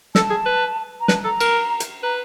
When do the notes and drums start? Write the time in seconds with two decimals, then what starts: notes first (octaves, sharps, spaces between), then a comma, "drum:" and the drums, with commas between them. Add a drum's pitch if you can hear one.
0.15 A4 A5, drum: snare
0.30 G#4
0.46 B4
1.00 A#5
1.08 B4 A5, drum: snare
1.24 A4 A#5
1.40 A#4, drum: cymbal
1.80 drum: hi-hat
2.03 B4 A#5